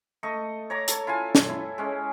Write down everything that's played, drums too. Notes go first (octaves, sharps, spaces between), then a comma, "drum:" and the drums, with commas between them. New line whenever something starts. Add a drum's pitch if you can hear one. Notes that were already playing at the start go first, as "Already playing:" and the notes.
A3 D#5 C#6
C#5 A#5 D6
A4 C#5, drum: hi-hat
E4 F4 A4 G#5
drum: snare
E4
G#3 C#4